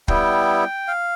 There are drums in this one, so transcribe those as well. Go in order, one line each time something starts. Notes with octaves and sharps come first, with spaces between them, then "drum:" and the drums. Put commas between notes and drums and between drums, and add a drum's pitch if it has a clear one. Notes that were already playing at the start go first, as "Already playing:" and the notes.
G3 B3 E4 G5, drum: kick
F5